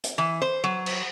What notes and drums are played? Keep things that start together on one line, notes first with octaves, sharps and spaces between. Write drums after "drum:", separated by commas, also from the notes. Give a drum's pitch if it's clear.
drum: hi-hat
E3
C5
F#3
drum: cymbal